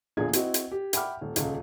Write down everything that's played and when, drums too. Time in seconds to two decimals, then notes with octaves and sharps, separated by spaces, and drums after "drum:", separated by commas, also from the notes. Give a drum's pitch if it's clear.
0.17 A#1 E2 D3 F4 G#4 G#6
0.33 C4 E4 F#4 D#5, drum: hi-hat
0.54 drum: hi-hat
0.71 G4
0.93 E5 F#5 G5 B5 D6 F6, drum: hi-hat
1.21 D#1
1.36 D#1 C#2 F5, drum: hi-hat